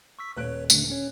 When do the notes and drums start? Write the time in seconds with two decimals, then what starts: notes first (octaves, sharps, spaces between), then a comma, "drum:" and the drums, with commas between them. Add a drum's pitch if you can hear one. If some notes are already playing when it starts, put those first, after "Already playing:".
0.19 C#6 E6 B6
0.37 D#1 B4 C#5 F#6 D7
0.70 D3 A3 D4, drum: tambourine
0.90 C#4 C#5